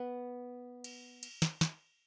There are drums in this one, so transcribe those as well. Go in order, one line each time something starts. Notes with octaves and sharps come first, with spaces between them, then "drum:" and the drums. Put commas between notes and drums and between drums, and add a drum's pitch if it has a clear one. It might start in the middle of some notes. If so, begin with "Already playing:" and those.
Already playing: B3
drum: cymbal
drum: cymbal
drum: snare
drum: snare